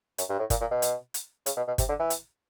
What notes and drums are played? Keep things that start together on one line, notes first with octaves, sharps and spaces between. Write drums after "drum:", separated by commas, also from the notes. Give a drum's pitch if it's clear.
F#2, drum: hi-hat
G2
A2
A#2, drum: kick G1, hi-hat
A#2
B2
drum: hi-hat
drum: hi-hat
C#3, drum: hi-hat
B2
B2
C3, drum: kick G1, hi-hat
D3
E3
drum: hi-hat